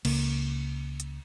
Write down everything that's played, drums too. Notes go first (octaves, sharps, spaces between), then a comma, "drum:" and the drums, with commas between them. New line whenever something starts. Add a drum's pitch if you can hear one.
C#2 C#3 A#3, drum: cymbal
drum: hi-hat